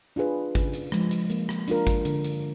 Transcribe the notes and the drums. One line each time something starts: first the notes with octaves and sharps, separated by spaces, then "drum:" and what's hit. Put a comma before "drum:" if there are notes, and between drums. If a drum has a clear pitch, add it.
D4 F4 G#4 B4
C#3, drum: kick G#1, hi-hat
drum: hi-hat
F3 G#3, drum: rim click
drum: hi-hat
A#3, drum: hi-hat
drum: rim click
D4 F4 A#4, drum: hi-hat
drum: kick G#1, hi-hat
D3, drum: hi-hat
drum: hi-hat